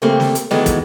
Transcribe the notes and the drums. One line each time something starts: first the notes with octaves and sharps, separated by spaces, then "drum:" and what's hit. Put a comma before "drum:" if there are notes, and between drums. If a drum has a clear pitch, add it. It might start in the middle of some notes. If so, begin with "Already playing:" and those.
F2 C#3 G3 A3 A#3 C4
drum: snare
drum: hi-hat
D#3 E3 F#3 G#3 A3 B3, drum: snare
drum: kick, hi-hat